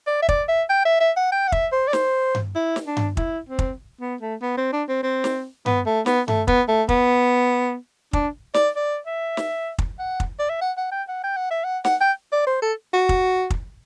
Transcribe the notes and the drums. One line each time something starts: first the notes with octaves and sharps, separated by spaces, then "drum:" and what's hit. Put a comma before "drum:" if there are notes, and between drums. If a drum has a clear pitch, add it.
D5
E5
D5, drum: kick
E5
G5
E5
E5
F#5
G5
F#5
E5, drum: kick
C5
D5
C5, drum: snare
drum: tom G2
E4
drum: snare
D4
drum: tom G2
E4, drum: kick
C4
drum: kick
B3
A3
B3
C4
D4
C4
C4
drum: snare
B3, drum: tom G2
A3
B3, drum: snare
A3, drum: tom G2
B3, drum: kick
A3
B3, drum: kick
D4, drum: kick
D5, drum: snare
D5
E5
drum: snare
drum: kick
F#5
drum: kick
D5
E5
F#5
F#5
G5
F#5
G5
F#5
E5
F#5
F#5, drum: snare
G5
D5
C5
A4
F#4
drum: kick
drum: kick